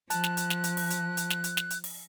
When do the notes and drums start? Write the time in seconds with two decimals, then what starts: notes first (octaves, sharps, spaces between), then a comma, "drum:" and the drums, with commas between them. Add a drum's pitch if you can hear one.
0.10 F3 A5 F#6, drum: hi-hat
0.24 drum: snare
0.37 drum: hi-hat
0.50 drum: snare
0.64 drum: hi-hat
0.77 drum: open hi-hat
0.90 drum: hi-hat
1.17 drum: hi-hat
1.30 drum: snare
1.44 drum: hi-hat
1.57 drum: snare
1.70 drum: hi-hat
1.84 drum: open hi-hat